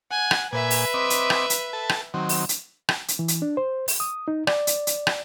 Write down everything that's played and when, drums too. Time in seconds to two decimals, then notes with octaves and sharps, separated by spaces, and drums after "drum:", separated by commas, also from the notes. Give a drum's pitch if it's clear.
0.11 F#5 G#5
0.31 drum: rim click
0.53 A#2 B4 E5 G#5
0.70 drum: open hi-hat
0.94 C4 D#5 D6
1.10 drum: hi-hat
1.30 drum: rim click
1.50 drum: hi-hat
1.73 A4 A5
1.89 drum: rim click
2.14 D#3 F#3 C4
2.29 drum: open hi-hat
2.49 drum: hi-hat
2.89 drum: rim click
3.08 drum: hi-hat
3.19 E3
3.28 drum: hi-hat
3.42 D4
3.57 C5
3.88 drum: open hi-hat
4.00 D#6
4.28 D#4
4.47 D5, drum: rim click
4.67 drum: hi-hat
4.87 drum: hi-hat
5.07 drum: rim click